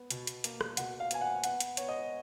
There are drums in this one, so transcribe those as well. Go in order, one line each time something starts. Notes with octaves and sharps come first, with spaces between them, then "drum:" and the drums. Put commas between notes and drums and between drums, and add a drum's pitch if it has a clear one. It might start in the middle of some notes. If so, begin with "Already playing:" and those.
Already playing: B3
B2, drum: hi-hat
drum: hi-hat
A#3, drum: hi-hat
drum: rim click
B2 F#5, drum: hi-hat
F5
B3 G#5, drum: hi-hat
F#5
B3 F#5, drum: hi-hat
drum: hi-hat
B3 C#5, drum: hi-hat
D#5